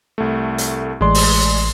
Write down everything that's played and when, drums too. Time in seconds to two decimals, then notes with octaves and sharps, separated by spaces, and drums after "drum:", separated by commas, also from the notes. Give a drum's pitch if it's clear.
0.18 C2 A3
0.58 drum: hi-hat
1.01 A1 G#3 D5 C6
1.15 drum: open hi-hat